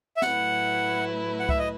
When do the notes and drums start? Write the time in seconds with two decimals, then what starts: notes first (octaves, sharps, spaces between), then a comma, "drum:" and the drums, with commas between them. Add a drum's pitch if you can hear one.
0.17 E5
0.22 A2 F#3 A3 E4 B4 F#5, drum: snare
1.39 F#5
1.49 E5, drum: kick C2
1.59 D#5